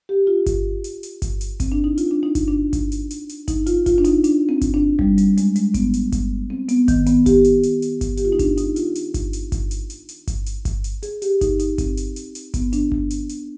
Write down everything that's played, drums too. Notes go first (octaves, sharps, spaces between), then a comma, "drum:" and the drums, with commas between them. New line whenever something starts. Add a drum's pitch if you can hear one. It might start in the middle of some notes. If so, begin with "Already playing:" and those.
G4
F4
drum: kick G1, hi-hat
drum: hi-hat
drum: hi-hat
drum: kick G1, hi-hat
drum: hi-hat
C4, drum: kick G1, hi-hat
D4
D#4
F4, drum: hi-hat
D4
D#4
drum: kick G1, hi-hat
D4
drum: kick G1, hi-hat
drum: hi-hat
drum: hi-hat
drum: hi-hat
D#4, drum: kick G1, hi-hat
F4, drum: hi-hat
F4, drum: kick G1, hi-hat
D4
D#4, drum: hi-hat
D4, drum: hi-hat
C4
drum: kick G1, hi-hat
D4
G3, drum: kick G1
G3, drum: hi-hat
G#3, drum: hi-hat
G#3, drum: hi-hat
B3, drum: kick G1, hi-hat
drum: hi-hat
drum: kick G1, hi-hat
C4
B3, drum: hi-hat
D#3, drum: kick G1, hi-hat
B3, drum: hi-hat
G4, drum: kick G1, hi-hat
drum: hi-hat
drum: hi-hat
drum: hi-hat
drum: kick G1, hi-hat
G4, drum: hi-hat
F4
D#4
D4, drum: kick G1, hi-hat
D#4, drum: hi-hat
F4, drum: hi-hat
drum: hi-hat
drum: kick G1, hi-hat
drum: hi-hat
drum: kick G1, hi-hat
drum: hi-hat
drum: hi-hat
drum: hi-hat
drum: kick G1, hi-hat
drum: hi-hat
drum: kick G1, hi-hat
drum: hi-hat
G#4, drum: hi-hat
G4, drum: hi-hat
D#4, drum: kick G1, hi-hat
D#4, drum: hi-hat
C4, drum: kick G1, hi-hat
drum: hi-hat
drum: hi-hat
drum: hi-hat
B3, drum: kick G1, hi-hat
D4, drum: hi-hat
drum: kick G1
drum: hi-hat
drum: hi-hat